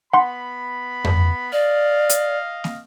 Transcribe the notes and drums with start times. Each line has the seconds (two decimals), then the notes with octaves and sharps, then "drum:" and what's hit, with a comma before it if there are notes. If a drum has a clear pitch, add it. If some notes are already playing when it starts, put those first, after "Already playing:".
0.13 B3 F#5 B5 C6
1.04 drum: tom F2
1.53 D5 D#5 F5
2.09 drum: hi-hat
2.64 drum: snare